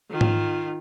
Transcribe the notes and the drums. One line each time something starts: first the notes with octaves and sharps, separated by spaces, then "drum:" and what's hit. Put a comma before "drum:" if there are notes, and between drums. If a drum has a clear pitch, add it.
D#3 F4
drum: tom G#2